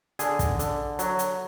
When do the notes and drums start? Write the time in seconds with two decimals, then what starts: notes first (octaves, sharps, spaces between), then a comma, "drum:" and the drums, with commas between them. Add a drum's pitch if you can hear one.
0.19 D3 G#4, drum: hi-hat
0.39 drum: kick, hi-hat
0.59 D3, drum: hi-hat
0.99 F#3, drum: hi-hat
1.19 drum: hi-hat